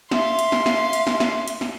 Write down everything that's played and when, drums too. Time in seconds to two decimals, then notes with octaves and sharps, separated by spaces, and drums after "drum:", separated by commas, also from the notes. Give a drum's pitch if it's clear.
0.11 E5 F5 C6, drum: snare
0.39 drum: hi-hat
0.52 drum: snare
0.66 drum: snare
0.93 drum: hi-hat
1.07 drum: snare
1.20 drum: snare
1.48 drum: hi-hat
1.61 drum: snare